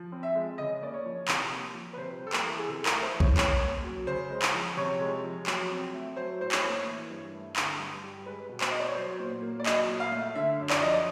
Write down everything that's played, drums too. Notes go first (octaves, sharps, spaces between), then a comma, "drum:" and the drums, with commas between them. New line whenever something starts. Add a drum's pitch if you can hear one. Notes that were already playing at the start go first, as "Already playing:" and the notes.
Already playing: F3
C4
E5
G#3
C#3 D#5
A#3 D5
C#5
F3
C3, drum: clap
A#3
F3
B4
C3 C5
G3
A4
A#4, drum: clap
E3
G#4
C3 A4
A#4, drum: clap
A3
C5
E3
C#5, drum: kick A#1
C#3 C#5, drum: clap
A#3
F#3
C#3 C5
G#3
drum: clap
F3
C3 C#5
G#3
F3
F#3, drum: clap
C4
A3
F#3 C5
A2 C5
C#5, drum: clap
A#3
E3
G2
A3
D3, drum: clap
G2
G3
G#3 B4
B2
C5, drum: clap
B3 D#5
D5
C#5
F#3 C5
A#2
A#3
D5
F#3 D#5, drum: clap
A#2
F5
A3
D3 E5
F#2
D5, drum: clap
F3 D#5
D5